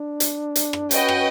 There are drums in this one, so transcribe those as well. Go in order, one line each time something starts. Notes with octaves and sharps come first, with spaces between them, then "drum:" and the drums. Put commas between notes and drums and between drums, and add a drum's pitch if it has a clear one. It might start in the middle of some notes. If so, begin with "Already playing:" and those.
Already playing: D4
drum: hi-hat
drum: hi-hat
drum: rim click
C#4 F#4 B4 D#5 G5, drum: hi-hat
drum: rim click